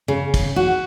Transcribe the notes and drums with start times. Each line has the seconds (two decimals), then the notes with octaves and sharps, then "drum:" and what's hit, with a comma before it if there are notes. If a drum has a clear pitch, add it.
0.08 C#3
0.34 drum: kick, cymbal
0.56 F#4